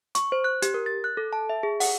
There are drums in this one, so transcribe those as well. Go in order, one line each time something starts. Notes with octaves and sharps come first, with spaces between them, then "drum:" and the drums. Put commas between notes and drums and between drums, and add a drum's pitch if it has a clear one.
C#6, drum: hi-hat
C5
F#6
G4, drum: hi-hat
A#4
A6
F#6
A4
A5
E5
G#4
F#5, drum: open hi-hat